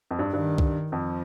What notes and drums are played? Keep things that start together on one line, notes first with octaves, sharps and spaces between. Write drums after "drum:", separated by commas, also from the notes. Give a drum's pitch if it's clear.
F2
G2
G2 D#3
drum: kick C2
F2 F3